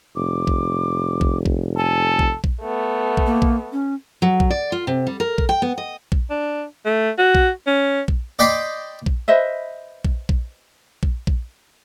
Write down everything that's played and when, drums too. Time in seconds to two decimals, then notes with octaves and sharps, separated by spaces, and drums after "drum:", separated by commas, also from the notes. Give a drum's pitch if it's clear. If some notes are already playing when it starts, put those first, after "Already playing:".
0.16 F1 D6
0.47 drum: kick A#1
1.21 drum: kick A#1
1.46 drum: kick A#1
1.77 A4 G#5
2.19 drum: kick A#1
2.44 drum: kick A#1
2.61 A3 B3
3.17 drum: kick A#1
3.26 A#3
3.42 drum: kick A#1
3.72 C#4
4.22 F#3
4.40 drum: kick A#1
4.50 D5
4.72 F4
4.87 C3
5.07 G3
5.20 A#4
5.38 drum: kick A#1
5.49 G5
5.62 B3
5.78 D#5
6.12 drum: kick A#1
6.30 D4
6.85 A3
7.18 F#4
7.35 drum: kick A#1
7.67 C#4
8.08 drum: kick A#1
8.39 D5 D#5 G5 B5 C6 D6
9.06 drum: kick A#1
9.28 B4 C5 D#5 E5
10.05 drum: kick A#1
10.29 drum: kick A#1
11.03 drum: kick A#1
11.27 drum: kick A#1